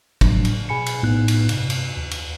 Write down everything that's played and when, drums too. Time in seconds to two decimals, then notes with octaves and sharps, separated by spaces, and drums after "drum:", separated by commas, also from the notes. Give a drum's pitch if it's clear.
0.21 A2 F3 F#3 D4, drum: kick, cymbal
0.45 drum: cymbal
0.69 B2 G#4 G#5 B5 C#7
0.86 drum: cymbal
1.03 A#1 A2 B3 D#4 F#6
1.28 drum: cymbal
1.49 G2 C3, drum: cymbal
1.70 drum: cymbal
1.96 D#2
2.11 drum: cymbal